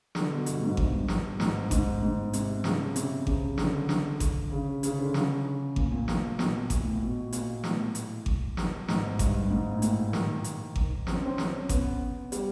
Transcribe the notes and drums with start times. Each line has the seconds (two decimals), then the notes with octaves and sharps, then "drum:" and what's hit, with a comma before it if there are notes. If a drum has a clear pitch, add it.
0.15 D3, drum: snare
0.30 B2
0.46 G2, drum: hi-hat
0.61 G#2
0.77 G2, drum: kick G#1
1.08 drum: snare
1.40 G#2, drum: snare
1.71 G#2, drum: kick G#1, hi-hat
2.02 G#2
2.33 C3, drum: hi-hat
2.64 C#3, drum: snare
2.96 C3, drum: hi-hat
3.27 C#3, drum: kick G#1
3.58 D3, drum: snare
3.89 D3, drum: snare
4.20 drum: kick G#1, hi-hat
4.51 C#3
4.83 C#3, drum: hi-hat
4.99 D3
5.14 C#3, drum: snare
5.76 A#2, drum: kick G#1
5.92 A#2
6.08 A#2, drum: snare
6.34 B2
6.39 A#2, drum: snare
6.70 drum: kick G#1, hi-hat
6.80 A2
6.91 A#2
7.02 B2
7.33 A#2, drum: hi-hat
7.64 A2, drum: snare
7.95 drum: hi-hat
8.26 drum: kick G#1
8.57 drum: snare
8.88 G#2, drum: snare
9.19 G2, drum: kick G#1, hi-hat
9.51 G#2
9.74 A2
9.82 A#2, drum: hi-hat
10.13 D#3, drum: snare
10.44 drum: hi-hat
10.76 drum: kick G#1
11.07 C4, drum: snare
11.14 C#4
11.22 C4
11.38 C#4, drum: snare
11.69 B3, drum: kick G#1, hi-hat
12.32 G3, drum: hi-hat